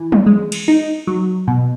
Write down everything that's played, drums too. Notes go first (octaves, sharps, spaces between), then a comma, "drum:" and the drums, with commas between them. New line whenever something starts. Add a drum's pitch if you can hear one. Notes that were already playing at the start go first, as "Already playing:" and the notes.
Already playing: E3
drum: tom
G#3
drum: cymbal
D#4
F#3
B2